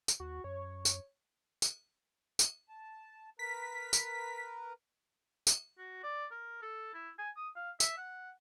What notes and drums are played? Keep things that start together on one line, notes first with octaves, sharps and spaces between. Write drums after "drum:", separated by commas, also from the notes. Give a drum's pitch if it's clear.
drum: tambourine
D#2 F#4
F#2 C#5
drum: tambourine
drum: tambourine
drum: tambourine
A5
A#4 B4 A#5 B6
drum: tambourine
drum: tambourine
F#4
D5
A#4
A4
E4
G#5
D#6
F5
E5, drum: tambourine
F#5